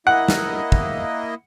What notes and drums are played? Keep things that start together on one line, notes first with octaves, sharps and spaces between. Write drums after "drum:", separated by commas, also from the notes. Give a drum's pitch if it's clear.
A#3 E4 D#5 F#5
drum: snare
drum: kick